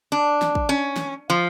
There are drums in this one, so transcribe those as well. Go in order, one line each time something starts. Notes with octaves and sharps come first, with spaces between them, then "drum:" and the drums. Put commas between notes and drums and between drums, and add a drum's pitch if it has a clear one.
D4
drum: snare
drum: kick
C#4
drum: snare
F3